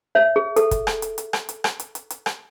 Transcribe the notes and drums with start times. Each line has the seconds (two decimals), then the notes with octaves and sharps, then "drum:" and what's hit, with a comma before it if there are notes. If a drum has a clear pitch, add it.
0.15 C#5 E5
0.36 G#4
0.56 A4, drum: hi-hat
0.71 drum: kick, hi-hat
0.87 drum: rim click
1.02 drum: hi-hat
1.18 drum: hi-hat
1.33 drum: rim click
1.49 drum: hi-hat
1.64 drum: rim click
1.80 drum: hi-hat
1.95 drum: hi-hat
2.10 drum: hi-hat
2.26 drum: rim click